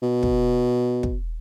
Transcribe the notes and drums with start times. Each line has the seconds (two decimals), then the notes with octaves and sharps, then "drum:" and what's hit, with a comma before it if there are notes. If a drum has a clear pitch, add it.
0.02 B2
0.23 drum: kick
1.03 drum: kick